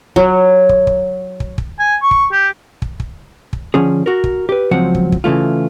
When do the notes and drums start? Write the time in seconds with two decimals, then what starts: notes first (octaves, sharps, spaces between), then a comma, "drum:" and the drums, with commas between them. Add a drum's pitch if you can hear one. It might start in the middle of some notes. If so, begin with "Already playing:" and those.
0.16 F#3, drum: kick
0.69 drum: kick
0.87 drum: kick
1.40 drum: kick
1.58 drum: kick
1.79 G#5
2.02 C#6
2.11 drum: kick
2.32 G4
2.82 drum: kick
3.00 drum: kick
3.53 drum: kick
3.74 D3 F3 C#4 G#4
4.06 F#4 A#4
4.24 drum: kick
4.49 G4 B4
4.71 C#2 F3 F#3 C4 F#5
4.95 drum: kick
5.12 drum: kick
5.24 C#3 E3 A3 F4